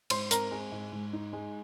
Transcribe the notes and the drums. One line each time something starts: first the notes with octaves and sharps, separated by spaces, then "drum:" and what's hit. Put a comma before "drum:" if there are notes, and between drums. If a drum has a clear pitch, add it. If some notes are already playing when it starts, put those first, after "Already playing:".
G#2 C5 C6, drum: cymbal
C4 A#4 A#5, drum: hi-hat
G#3
G#2
G#2
D#4
G#3